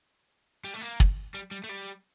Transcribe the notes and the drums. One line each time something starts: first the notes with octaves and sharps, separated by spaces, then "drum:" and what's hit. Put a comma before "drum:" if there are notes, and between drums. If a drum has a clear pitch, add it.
G3
A3
A#3
drum: kick
G3
G3
A3
G3